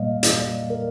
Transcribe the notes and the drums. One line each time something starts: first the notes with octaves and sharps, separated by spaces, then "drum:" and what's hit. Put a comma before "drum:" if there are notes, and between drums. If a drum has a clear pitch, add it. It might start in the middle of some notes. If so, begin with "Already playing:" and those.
Already playing: A#2 G3 A#3 D5 D#5 F5
D5, drum: hi-hat
A#4